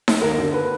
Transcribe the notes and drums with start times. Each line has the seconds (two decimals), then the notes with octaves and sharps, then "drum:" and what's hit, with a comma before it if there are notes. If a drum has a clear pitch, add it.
0.08 drum: snare D#4
0.22 D#2 A#4
0.38 D3
0.53 B4